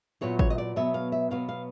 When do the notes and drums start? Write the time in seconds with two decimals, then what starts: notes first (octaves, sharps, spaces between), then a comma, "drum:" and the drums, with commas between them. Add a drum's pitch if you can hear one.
0.21 A#2 F#3 B3 E4 C#5
0.39 C#5, drum: kick G#1
0.50 D#5
0.58 D5
0.76 B2 F#3 B3 E5
0.94 F5
1.12 E5
1.31 B2 F#3 B3 F5
1.49 F5